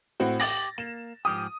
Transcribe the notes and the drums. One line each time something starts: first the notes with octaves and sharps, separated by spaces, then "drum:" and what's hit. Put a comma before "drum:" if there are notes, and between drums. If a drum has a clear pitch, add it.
A2 C4 F#4
G4 A6 A#6, drum: open hi-hat
A#3 E7
G#2 F3 G4 D#6